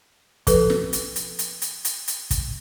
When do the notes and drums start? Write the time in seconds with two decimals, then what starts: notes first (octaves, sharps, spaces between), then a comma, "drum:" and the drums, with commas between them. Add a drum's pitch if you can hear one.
0.47 F3 A4 B4, drum: kick, hi-hat
0.70 drum: snare
0.93 drum: hi-hat
1.16 drum: hi-hat
1.39 drum: hi-hat
1.62 drum: hi-hat
1.85 drum: hi-hat
2.08 drum: hi-hat
2.31 drum: kick, hi-hat